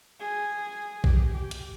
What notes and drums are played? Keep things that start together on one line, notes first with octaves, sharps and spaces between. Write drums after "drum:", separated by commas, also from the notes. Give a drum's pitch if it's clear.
G#4
G4, drum: kick A#1
G4
drum: hi-hat